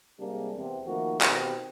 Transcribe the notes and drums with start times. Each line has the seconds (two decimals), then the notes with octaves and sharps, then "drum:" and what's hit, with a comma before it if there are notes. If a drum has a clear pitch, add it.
0.20 C3 G3 G#3 A#3 D4
0.57 E2 C3
0.86 D#3 F3 A3 A#3 F#4
1.21 B2 D#3 C4 G4, drum: clap